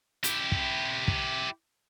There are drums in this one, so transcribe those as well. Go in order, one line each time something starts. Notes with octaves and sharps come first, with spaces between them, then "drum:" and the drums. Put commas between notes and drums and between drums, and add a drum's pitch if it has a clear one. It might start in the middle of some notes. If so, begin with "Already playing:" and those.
E4 G4, drum: hi-hat
drum: kick
drum: kick